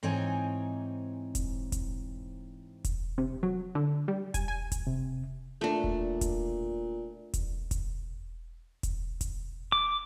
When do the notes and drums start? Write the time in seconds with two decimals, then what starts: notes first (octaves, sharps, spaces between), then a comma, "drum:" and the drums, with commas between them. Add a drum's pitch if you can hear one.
0.03 G#2 E3 C4 D#4 C#5 G#5
1.35 drum: kick E1, hi-hat
1.72 drum: kick E1, hi-hat
2.84 drum: kick E1, hi-hat
3.18 C3
3.43 F#3
3.75 D3
4.08 G3
4.34 G#5, drum: kick E1, hi-hat
4.48 G#5
4.72 drum: kick E1, hi-hat
4.87 C3
5.61 A#2 A3 D4
5.84 drum: kick E1
6.21 drum: kick E1, hi-hat
7.34 drum: kick E1, hi-hat
7.71 drum: kick E1, hi-hat
8.83 drum: kick E1, hi-hat
9.21 drum: kick E1, hi-hat
9.72 D6